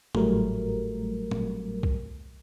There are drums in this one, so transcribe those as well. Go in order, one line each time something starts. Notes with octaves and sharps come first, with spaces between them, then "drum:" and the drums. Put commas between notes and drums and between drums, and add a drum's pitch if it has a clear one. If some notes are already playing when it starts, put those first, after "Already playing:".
G#1 A2 F#3 G3 A3 A#4, drum: tom
drum: tom A#2
drum: kick